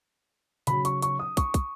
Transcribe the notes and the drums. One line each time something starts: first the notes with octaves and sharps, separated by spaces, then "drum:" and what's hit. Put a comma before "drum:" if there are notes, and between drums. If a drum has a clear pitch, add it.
C#3 F#3 B5, drum: hi-hat
C#6, drum: hi-hat
C#6, drum: hi-hat
D#6
C#6, drum: kick, hi-hat
drum: kick, hi-hat